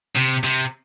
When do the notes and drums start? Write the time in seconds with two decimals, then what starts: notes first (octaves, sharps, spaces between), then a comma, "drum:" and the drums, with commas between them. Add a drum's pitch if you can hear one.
0.16 C3, drum: hi-hat
0.44 C3, drum: hi-hat